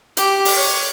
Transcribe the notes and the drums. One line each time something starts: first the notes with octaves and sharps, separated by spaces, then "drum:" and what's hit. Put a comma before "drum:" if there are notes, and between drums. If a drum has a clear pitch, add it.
G4, drum: hi-hat
drum: open hi-hat
C#5